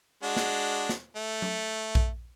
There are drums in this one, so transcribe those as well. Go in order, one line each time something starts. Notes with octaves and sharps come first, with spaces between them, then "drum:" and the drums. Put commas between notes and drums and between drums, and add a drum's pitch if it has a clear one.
G#3 D4 F#4
drum: snare
drum: snare
A3
drum: tom F#3
drum: kick A#1